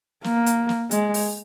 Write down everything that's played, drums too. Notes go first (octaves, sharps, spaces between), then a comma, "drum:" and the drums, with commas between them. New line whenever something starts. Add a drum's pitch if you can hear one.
A#3, drum: snare
drum: hi-hat
drum: snare
G#3, drum: hi-hat
drum: open hi-hat